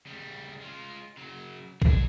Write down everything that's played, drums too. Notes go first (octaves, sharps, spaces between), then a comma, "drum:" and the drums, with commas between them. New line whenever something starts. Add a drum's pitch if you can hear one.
C#3 G3
G#3 F4
C#3 F#3
D4 G#4, drum: kick A#1